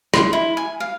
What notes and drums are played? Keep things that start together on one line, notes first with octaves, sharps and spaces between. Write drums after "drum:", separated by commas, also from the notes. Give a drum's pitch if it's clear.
C6, drum: rim click
E4
G#5
F5